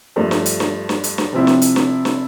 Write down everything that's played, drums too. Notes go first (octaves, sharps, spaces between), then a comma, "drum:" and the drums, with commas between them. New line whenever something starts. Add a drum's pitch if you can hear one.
G2 F3 A3
drum: snare
drum: hi-hat
drum: snare
drum: snare
drum: hi-hat
drum: snare
C3 F3 C4 E4
drum: snare
drum: hi-hat
drum: snare
drum: snare